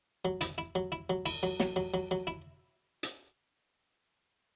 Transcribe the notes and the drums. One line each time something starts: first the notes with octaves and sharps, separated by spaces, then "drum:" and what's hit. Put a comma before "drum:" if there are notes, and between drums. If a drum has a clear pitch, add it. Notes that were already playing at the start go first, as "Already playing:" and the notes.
F#3
E4, drum: hi-hat
E4
F#3
E4
F#3
E4, drum: cymbal
F#3
F#3, drum: snare
F#3
F#3
F#3
E4
drum: hi-hat